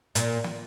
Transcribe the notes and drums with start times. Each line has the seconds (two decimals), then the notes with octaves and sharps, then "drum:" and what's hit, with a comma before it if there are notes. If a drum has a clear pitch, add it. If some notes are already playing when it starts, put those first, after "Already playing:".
0.15 A#2, drum: hi-hat
0.44 drum: snare